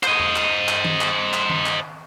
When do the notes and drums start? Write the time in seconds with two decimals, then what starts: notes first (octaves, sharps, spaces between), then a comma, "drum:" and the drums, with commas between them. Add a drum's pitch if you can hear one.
0.03 C5 D#5, drum: clap
0.20 drum: tom E2
0.36 drum: clap
0.68 drum: clap
0.85 drum: tom D#3
1.01 drum: clap
1.33 drum: clap
1.50 drum: tom D#3
1.66 drum: clap